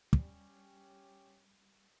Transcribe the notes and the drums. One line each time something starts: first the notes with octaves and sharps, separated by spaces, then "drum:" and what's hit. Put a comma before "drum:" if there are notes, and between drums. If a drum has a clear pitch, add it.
G3 C#4 G4, drum: kick